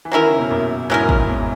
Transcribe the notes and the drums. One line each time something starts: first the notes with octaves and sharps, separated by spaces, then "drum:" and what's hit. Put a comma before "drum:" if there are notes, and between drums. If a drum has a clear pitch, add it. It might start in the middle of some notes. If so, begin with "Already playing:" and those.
E3
D#3 F#3 C#4 E4 A#4
C#3
B2
F#2 A#2
E2 G#2 F#3 C#4 E4 A#4
E2, drum: kick
E2 G#2